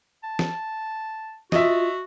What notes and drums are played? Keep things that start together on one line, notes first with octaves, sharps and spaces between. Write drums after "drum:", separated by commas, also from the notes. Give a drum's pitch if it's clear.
A5
drum: snare
F4 F#4 D#5 E5, drum: snare